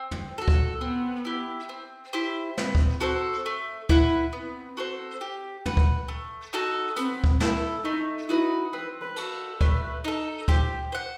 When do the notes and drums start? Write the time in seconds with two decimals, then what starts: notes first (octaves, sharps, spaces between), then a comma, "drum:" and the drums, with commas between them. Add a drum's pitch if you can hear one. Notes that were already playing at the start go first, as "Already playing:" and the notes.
Already playing: C4
0.11 drum: tom
0.38 F#4 A4
0.48 drum: kick D2
0.81 B3 C4
1.25 E4 G4
1.69 C4
2.13 E4 G4 C5
2.57 B3 C4, drum: snare
2.75 drum: kick D2
3.01 F#4 A4 C5
3.46 A3
3.89 E4 B4 F#5, drum: kick D2
4.32 B3 C4
4.77 F#4 A4 C5
5.21 G4
5.66 B4 F#5, drum: tom
5.77 drum: kick D2
6.08 A3
6.53 D#4 F#4 A4
6.97 B3 C4, drum: hi-hat
7.24 drum: kick D2
7.40 E4 A4, drum: snare
7.84 A3 D#4
8.28 D#4 E4 F#4 B4
8.73 C4 B4
9.01 B4
9.16 F#4 A4, drum: cymbal
9.61 A3 B4, drum: kick D2
10.04 D#4 A4
10.48 G4 C5, drum: kick D2
10.92 C5 F#5